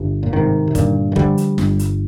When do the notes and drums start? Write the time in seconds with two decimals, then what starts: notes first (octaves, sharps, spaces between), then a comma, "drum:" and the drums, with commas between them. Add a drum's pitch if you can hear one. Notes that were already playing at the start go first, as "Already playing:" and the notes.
Already playing: G1 G2
0.23 A#2
0.33 G#2 C3 D#3
0.68 C3
0.75 G2 A#2 D3, drum: kick, hi-hat
1.12 D#3
1.16 D3 F3 G3, drum: kick
1.38 drum: hi-hat
1.58 G1, drum: snare
1.79 drum: hi-hat